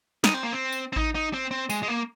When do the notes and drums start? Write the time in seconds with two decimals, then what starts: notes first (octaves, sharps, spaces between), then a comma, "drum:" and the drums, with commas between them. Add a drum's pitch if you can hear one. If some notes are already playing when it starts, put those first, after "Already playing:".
0.24 D#4, drum: snare
0.34 C4
0.43 A#3
0.52 C4
0.72 drum: tambourine
0.93 C4
0.96 D#4, drum: kick A1
1.15 D#4
1.33 C4
1.51 C4
1.70 G#3, drum: tambourine
1.83 G#3
1.88 A#3